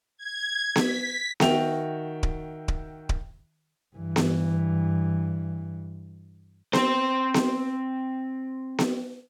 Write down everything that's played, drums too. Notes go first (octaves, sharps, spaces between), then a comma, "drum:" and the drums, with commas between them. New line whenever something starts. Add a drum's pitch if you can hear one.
G#6
B6, drum: snare B3
D#3 F#4 E5 G5 F7, drum: snare B3
drum: kick D1
drum: kick D1
drum: kick D1
G2 E3
drum: snare B3
C4 C5, drum: snare B3
drum: snare B3
drum: snare B3